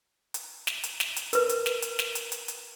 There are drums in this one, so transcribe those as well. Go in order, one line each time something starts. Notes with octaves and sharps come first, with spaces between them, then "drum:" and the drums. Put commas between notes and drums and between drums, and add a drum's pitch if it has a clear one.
drum: hi-hat
drum: snare
drum: hi-hat
drum: snare
drum: hi-hat
A#4 B4, drum: hi-hat
drum: hi-hat
drum: snare
drum: hi-hat
drum: snare
drum: hi-hat
drum: hi-hat
drum: hi-hat